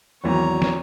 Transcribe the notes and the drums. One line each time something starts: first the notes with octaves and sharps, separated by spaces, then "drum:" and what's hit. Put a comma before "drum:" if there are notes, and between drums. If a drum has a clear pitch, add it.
G#1 E2 F#3 C#5 A#5
drum: snare